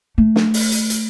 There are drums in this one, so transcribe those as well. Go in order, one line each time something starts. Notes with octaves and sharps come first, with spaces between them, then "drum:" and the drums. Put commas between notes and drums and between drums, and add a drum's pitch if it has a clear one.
A3
drum: snare
drum: open hi-hat
drum: hi-hat
drum: hi-hat